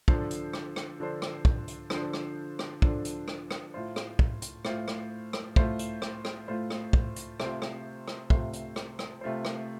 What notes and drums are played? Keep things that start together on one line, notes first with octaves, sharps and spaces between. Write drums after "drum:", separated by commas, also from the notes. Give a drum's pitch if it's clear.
D3 F3 D4 A4 C5, drum: kick
drum: hi-hat
drum: rim click
drum: rim click
D3 F3 D4 A4 C5
drum: rim click
drum: kick
drum: hi-hat
D3 F3 D4 A4 C5, drum: rim click
drum: rim click
drum: rim click
D3 F3 D4 A4 C5, drum: kick
drum: hi-hat
drum: rim click
drum: rim click
A2 A3 F4 C5
drum: rim click
drum: kick
drum: hi-hat
A2 A3 F4 C5, drum: rim click
drum: rim click
drum: rim click
A2 A3 F4 C5, drum: kick
drum: hi-hat
drum: rim click
drum: rim click
A2 A3 F4 C5
drum: rim click
drum: kick
drum: hi-hat
C3 A3 F4 C5, drum: rim click
drum: rim click
drum: rim click
C3 A3 F4 C5, drum: kick
drum: hi-hat
drum: rim click
drum: rim click
C3 A3 F4 C5
drum: rim click